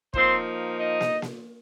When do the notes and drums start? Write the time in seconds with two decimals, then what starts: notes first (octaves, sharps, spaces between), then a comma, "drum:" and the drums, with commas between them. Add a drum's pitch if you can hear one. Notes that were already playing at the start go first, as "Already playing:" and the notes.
0.14 F3 A#3 C4 D#4 C5, drum: kick
0.79 D#4 D#5
1.01 drum: snare
1.22 drum: snare